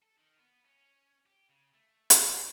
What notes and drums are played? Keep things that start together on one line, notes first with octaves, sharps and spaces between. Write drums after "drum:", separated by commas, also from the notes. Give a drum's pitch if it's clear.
A4
D#3
B3
C#4
G4
C#3
A3
drum: hi-hat
F#4